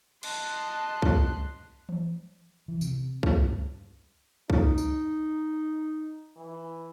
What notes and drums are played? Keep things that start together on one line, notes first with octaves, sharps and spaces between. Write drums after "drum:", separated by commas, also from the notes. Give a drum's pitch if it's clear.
D#5 A5 C6 F#6, drum: cymbal
drum: kick C2
drum: tom E3
E3
C3, drum: tambourine
G2, drum: kick C2
D#4, drum: kick C2
drum: tambourine
E3